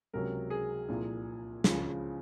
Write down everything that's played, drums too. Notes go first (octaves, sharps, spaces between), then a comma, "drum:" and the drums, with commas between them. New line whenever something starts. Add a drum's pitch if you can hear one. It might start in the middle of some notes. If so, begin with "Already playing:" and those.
C#2 C3 F#3 A#4
G#4
C2 A#2 F3
C#2 C#3 F3, drum: snare